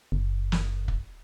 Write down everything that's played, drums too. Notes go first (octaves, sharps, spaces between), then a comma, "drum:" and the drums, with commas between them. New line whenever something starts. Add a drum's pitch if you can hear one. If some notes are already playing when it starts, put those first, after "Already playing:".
F#1
drum: snare
drum: kick